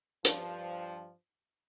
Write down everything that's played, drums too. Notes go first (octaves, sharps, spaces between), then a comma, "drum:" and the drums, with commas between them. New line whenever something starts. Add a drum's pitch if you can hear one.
G2 F3, drum: hi-hat